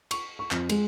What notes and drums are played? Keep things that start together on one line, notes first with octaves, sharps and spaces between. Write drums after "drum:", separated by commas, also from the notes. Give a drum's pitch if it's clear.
C#6, drum: cymbal
C#6
F2, drum: clap
G#3, drum: cymbal